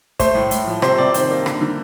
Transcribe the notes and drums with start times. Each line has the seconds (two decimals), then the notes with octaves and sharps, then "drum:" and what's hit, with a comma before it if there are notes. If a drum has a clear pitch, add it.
0.19 A3 C5, drum: kick, hi-hat
0.35 A2
0.51 A2, drum: hi-hat
0.67 F3
0.82 C3 C5, drum: rim click
0.98 C3 D5
1.14 D#3 C5, drum: hi-hat
1.30 A#3
1.46 D3, drum: rim click
1.61 D3